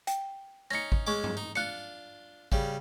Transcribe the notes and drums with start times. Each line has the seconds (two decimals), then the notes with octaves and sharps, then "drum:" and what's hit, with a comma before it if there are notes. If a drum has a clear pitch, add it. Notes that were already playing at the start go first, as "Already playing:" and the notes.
0.07 G5, drum: hi-hat
0.71 C#4 D#4 A#6 C#7
0.92 drum: kick
1.07 G#3 C#4 D#5 C#6 D6
1.24 drum: tom G2
1.37 D#4
1.56 D4 F4 F#6 C#7
2.52 C#3 G3, drum: kick